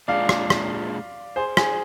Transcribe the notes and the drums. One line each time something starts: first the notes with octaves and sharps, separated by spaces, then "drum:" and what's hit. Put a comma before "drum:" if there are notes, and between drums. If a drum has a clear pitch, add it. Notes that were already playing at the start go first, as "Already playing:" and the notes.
A#2 G#3 D4 F4 G#4 D5 F5
drum: rim click
drum: rim click
G#4 C5
G#4, drum: rim click